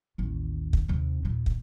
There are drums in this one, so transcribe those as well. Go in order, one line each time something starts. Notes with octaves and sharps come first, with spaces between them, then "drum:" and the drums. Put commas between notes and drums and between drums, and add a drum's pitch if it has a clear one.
A1 D#2
drum: kick
D#2 C3
D#2 A#2
drum: kick